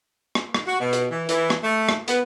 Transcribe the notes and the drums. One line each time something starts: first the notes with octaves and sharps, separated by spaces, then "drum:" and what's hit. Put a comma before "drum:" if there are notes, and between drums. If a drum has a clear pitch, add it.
drum: rim click
drum: rim click
F#4
B2
drum: hi-hat
E3
E3, drum: hi-hat
drum: rim click
A3
drum: rim click
B3, drum: hi-hat